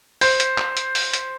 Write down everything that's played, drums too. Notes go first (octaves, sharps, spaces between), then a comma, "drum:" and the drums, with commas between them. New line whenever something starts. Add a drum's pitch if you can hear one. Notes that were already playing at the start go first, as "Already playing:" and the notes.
C5, drum: open hi-hat
drum: hi-hat
drum: clap
drum: hi-hat
drum: open hi-hat
drum: hi-hat